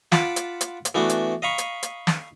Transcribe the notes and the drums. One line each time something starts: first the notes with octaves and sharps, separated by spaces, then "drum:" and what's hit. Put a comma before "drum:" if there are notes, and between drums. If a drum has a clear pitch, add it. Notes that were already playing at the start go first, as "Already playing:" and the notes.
F4 F#5 A5 B5 D6, drum: snare
drum: hi-hat
drum: hi-hat
drum: hi-hat
E3 A3 B3 D4 F#4
drum: hi-hat
D#5 F5 A#5 B5 C#6
drum: hi-hat
drum: hi-hat
drum: snare